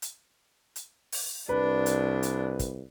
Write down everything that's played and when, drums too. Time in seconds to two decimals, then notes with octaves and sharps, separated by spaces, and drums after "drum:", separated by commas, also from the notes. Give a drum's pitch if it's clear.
0.02 drum: hi-hat
0.76 drum: hi-hat
1.12 drum: open hi-hat
1.49 C2 D4 B4
1.86 drum: hi-hat
2.23 drum: hi-hat
2.59 drum: kick, hi-hat